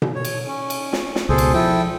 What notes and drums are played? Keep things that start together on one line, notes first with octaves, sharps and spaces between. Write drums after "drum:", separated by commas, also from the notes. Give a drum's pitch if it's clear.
drum: tom B2
C#5
drum: cymbal
C#4
drum: cymbal
drum: snare
drum: snare
C#2 B2 G#4 A4 C5
drum: cymbal
F3 E4 A4 G5